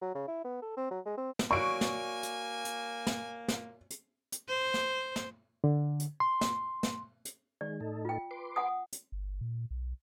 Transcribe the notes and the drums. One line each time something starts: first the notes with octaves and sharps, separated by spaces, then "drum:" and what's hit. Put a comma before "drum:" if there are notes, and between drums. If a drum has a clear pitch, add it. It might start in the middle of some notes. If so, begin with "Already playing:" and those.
F#3
C#3
E4
B3
A4
C4
F#3
G#3
C4
drum: snare
A#3 F#4 C#5 D5 G#5 C#6 D7
drum: snare
drum: hi-hat
drum: hi-hat
drum: snare
drum: snare
drum: hi-hat
drum: hi-hat
C5
drum: snare
drum: snare
D3
drum: hi-hat
C6
drum: snare
drum: snare
drum: hi-hat
D#3 G#3 D5
A2 D#4 A4
F4 G5
B4 C6 D6
F#5 G#5 D#6
drum: hi-hat
G1
A#2
B1